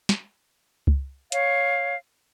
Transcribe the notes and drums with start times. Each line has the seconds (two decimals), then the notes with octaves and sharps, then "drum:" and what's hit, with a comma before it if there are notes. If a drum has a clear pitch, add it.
0.09 drum: snare
0.87 drum: kick C#2
1.32 C#5 F5, drum: hi-hat